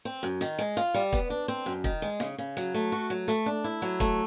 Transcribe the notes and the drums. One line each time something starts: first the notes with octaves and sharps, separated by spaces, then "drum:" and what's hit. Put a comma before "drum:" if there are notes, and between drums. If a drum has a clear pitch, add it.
C4
F#2
D#3, drum: hi-hat
G#3
F4
G3
B3, drum: kick, hi-hat
D4
C4
F#2
D#3, drum: kick
G#3
C#3, drum: snare
C#3
F#3, drum: hi-hat
A3
F#4
F#3
A3, drum: hi-hat
D4
E4
F#3
A3, drum: kick, hi-hat